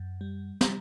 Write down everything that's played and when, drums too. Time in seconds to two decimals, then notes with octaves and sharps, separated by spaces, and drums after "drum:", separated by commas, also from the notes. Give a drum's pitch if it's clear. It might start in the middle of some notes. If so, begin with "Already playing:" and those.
Already playing: F#2
0.21 G3
0.61 G3 A#5, drum: snare